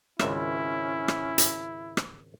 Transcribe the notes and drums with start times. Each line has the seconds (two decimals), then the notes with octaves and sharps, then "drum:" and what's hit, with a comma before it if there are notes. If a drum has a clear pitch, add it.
0.19 G#1 C#2 C#4 E4 E5, drum: rim click
1.08 drum: rim click
1.38 drum: hi-hat
1.97 drum: rim click